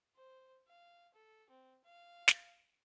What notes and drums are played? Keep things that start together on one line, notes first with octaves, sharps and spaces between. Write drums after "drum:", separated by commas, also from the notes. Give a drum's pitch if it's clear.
C5
F5
A4
C4
F5
drum: snare